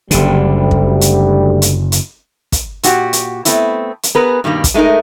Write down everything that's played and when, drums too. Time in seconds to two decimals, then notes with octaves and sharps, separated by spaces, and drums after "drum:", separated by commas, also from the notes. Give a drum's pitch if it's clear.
0.11 F#1 D2 D3 G3, drum: hi-hat
0.71 drum: kick
1.01 drum: hi-hat
1.62 drum: hi-hat
1.92 drum: hi-hat
2.52 drum: kick, hi-hat
2.83 A#2 F#4 G4 F#5, drum: hi-hat
3.13 drum: hi-hat
3.45 A3 B3 C4 E4, drum: hi-hat
4.03 drum: hi-hat
4.15 B3 G#4 A#4 B4
4.44 G2 B2 D#3 G3 A#3
4.64 drum: kick, hi-hat
4.74 G#3 A3 B3 D#4 A#4